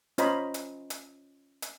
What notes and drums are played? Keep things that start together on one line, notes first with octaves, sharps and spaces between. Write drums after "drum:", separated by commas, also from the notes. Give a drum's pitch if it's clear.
C#4 F4 C5 D#5 A#5 B5, drum: hi-hat
drum: hi-hat
drum: hi-hat
drum: hi-hat